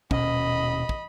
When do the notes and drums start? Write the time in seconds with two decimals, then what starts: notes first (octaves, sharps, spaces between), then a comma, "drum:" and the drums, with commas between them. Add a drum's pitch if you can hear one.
0.11 D#1 B2 C#4 D#5 B5, drum: kick
0.89 drum: kick